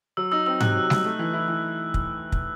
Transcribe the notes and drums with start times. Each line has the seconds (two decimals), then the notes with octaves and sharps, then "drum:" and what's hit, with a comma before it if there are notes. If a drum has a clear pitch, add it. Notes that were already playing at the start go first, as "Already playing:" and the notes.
0.17 F#3 E6
0.32 D#4 E6
0.46 C4 E6
0.60 C3 F#6, drum: tom G#2
0.75 F#3
0.90 D#4, drum: snare G3
1.05 A3
1.19 E3
1.34 E4
1.48 E3
1.94 drum: kick
2.32 drum: kick